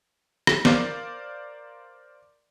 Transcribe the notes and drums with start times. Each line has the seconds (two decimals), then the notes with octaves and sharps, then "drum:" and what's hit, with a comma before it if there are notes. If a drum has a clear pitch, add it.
0.47 drum: rim click
0.65 A#4 C5 D5 F5, drum: snare